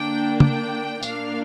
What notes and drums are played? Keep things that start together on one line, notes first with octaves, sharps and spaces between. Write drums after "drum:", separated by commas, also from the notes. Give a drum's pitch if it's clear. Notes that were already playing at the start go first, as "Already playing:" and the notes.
Already playing: D3 A#3 D4 G5
G5, drum: tom
A#2 A#3 D4 F5, drum: tambourine